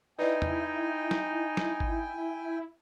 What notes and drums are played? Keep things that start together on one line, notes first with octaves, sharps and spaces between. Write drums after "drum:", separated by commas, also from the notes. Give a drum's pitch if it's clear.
D#4 E4 B4 D5 D#5 G5 G#5
drum: tom
drum: snare
drum: snare
drum: kick G#1